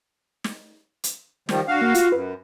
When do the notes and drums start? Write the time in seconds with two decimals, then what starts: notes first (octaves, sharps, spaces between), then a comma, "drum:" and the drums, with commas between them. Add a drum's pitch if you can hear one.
0.44 drum: snare
1.04 drum: hi-hat
1.49 D#3 F3 G3, drum: snare
1.68 D4 F#4 F5
1.81 A#3
1.95 F4, drum: hi-hat
2.12 F#2 B4